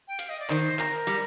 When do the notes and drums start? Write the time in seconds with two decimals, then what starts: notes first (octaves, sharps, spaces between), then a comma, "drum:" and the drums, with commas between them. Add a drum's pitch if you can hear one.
0.08 G5
0.19 F5, drum: hi-hat
0.29 D#5
0.40 D5
0.50 D#3 C5, drum: clap
0.79 A#4, drum: clap
1.07 G3, drum: hi-hat